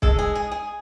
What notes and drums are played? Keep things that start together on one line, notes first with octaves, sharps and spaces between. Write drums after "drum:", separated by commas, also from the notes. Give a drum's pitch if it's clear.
G#3 A4, drum: kick
G#4
G#4
G#4